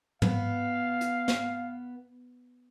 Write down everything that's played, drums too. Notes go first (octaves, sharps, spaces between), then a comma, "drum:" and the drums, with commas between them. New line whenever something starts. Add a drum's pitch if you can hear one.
B3 F5, drum: tom
drum: hi-hat
drum: snare